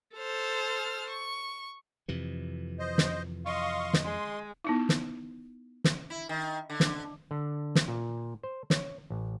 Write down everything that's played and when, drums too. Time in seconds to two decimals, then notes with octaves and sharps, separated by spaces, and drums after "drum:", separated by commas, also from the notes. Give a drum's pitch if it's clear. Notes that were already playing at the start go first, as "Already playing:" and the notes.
0.17 A4 C5 F6
1.10 C#6
2.08 F2 C3 E3
2.79 C5 D#5
2.98 drum: snare
3.46 D#5 F5 C6 C#6
3.93 drum: snare
4.04 G#3 C6
4.64 B3 D#4 E4
4.89 drum: snare
5.84 drum: snare
6.10 E4
6.29 D#3
6.70 D3
6.80 drum: snare
7.31 D3
7.75 drum: snare
7.88 A#2
8.43 C5
8.70 C#5, drum: snare
9.10 A1